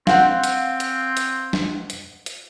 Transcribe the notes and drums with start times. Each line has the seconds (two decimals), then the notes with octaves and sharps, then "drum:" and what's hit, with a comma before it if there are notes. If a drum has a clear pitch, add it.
0.07 C4 F5 F#5, drum: snare
0.44 drum: hi-hat
0.80 drum: hi-hat
1.17 drum: hi-hat
1.53 drum: snare
1.90 drum: hi-hat
2.26 drum: hi-hat